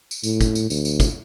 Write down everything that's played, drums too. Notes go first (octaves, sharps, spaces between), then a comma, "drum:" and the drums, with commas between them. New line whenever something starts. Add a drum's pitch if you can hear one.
drum: tambourine
A2, drum: tambourine
drum: kick, tambourine
drum: tambourine
D2, drum: tambourine
drum: tambourine
drum: kick, tambourine